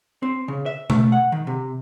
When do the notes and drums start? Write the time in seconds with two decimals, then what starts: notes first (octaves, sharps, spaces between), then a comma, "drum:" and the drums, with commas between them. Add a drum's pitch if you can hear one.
0.23 C4
0.48 C#3
0.66 E5
0.90 A3, drum: tom B2
1.12 F#5
1.32 D#3
1.47 C3